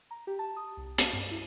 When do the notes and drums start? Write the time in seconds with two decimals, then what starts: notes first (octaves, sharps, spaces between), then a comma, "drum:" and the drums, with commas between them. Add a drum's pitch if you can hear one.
0.11 A#5
0.27 G4
0.39 A5
0.56 D#6
0.77 C2
0.98 F#4, drum: hi-hat
1.13 G2
1.31 E4